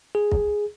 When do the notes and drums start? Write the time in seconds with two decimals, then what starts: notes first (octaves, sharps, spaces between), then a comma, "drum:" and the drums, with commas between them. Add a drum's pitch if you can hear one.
0.15 G#4
0.31 drum: kick